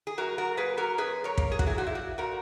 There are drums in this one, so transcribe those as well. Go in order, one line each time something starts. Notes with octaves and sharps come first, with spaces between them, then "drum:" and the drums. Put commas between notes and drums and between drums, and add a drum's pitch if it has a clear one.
G#4
F#2 F#4 A#4
F#4 A#4
A#3 G#4 B4
F#4 A#4
F#2 G#4 B4
A#4 C#5
A#3, drum: kick
G#4
F#4, drum: kick
E4 G#4
A#2 F#4
E4
F#4
A#2 F#4 A#4